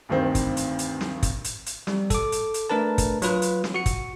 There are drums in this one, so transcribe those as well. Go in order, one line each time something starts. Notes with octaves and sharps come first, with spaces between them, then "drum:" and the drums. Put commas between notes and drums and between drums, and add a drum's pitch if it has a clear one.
D2 G2 D#3 C4
drum: kick, hi-hat
drum: hi-hat
drum: hi-hat
drum: snare
drum: kick, hi-hat
drum: hi-hat
drum: hi-hat
G3, drum: snare
A4 D6, drum: kick, hi-hat
drum: hi-hat
drum: hi-hat
A3 D4 A#4 B4 A5
drum: kick, hi-hat
F#3 F4 B4, drum: hi-hat
drum: hi-hat
drum: snare
F#4 C#7
drum: kick, hi-hat